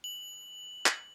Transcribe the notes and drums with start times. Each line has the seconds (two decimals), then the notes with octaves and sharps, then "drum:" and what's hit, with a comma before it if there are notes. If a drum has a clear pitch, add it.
0.04 F#7
0.86 drum: clap